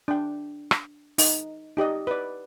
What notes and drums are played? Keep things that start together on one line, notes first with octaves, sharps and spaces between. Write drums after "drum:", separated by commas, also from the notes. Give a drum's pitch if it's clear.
D4 G5
drum: rim click
D#4, drum: open hi-hat
D#4 G4 D5 D#5
B4 D5